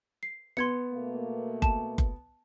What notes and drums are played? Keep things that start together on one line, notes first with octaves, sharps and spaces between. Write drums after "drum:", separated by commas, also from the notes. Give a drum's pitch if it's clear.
C7
B3 C6 G#6 C#7
B2 A3 A#3
A5, drum: kick F#1
drum: kick F#1